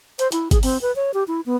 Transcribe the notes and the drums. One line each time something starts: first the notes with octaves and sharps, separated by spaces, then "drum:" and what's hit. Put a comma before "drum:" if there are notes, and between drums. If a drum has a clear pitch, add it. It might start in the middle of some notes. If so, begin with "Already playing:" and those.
C5, drum: hi-hat
E4, drum: hi-hat
G#4, drum: kick G1, hi-hat
C4, drum: open hi-hat
B4
C#5
G4
E4
B3